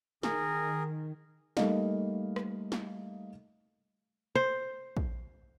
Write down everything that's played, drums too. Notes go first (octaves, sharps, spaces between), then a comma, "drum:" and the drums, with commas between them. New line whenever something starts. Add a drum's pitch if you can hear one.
D#3 G#4 A#4, drum: snare
G3 A3 A#3 D#4 D#5 F5, drum: snare
drum: rim click
drum: snare
C5
drum: kick